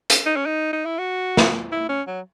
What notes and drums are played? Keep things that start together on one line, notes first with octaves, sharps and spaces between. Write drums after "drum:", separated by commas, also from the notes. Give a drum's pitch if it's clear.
drum: hi-hat
D#4
C#4
D#4
D#4
E4
F#4
drum: snare
E4
C#4
F#3